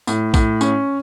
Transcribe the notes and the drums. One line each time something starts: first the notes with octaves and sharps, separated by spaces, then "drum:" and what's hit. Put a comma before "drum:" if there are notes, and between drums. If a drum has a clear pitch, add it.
A2, drum: tambourine
A2, drum: kick A#1, tambourine
C#4, drum: tambourine